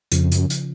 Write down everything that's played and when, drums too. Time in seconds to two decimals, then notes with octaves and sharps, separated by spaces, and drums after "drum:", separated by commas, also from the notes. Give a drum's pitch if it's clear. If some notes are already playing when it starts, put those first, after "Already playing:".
0.12 F2 C#3 F3, drum: hi-hat
0.32 F#2, drum: hi-hat
0.50 drum: hi-hat